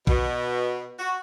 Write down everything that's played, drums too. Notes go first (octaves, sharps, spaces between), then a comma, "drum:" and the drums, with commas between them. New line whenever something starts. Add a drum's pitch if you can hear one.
B2, drum: kick
F#4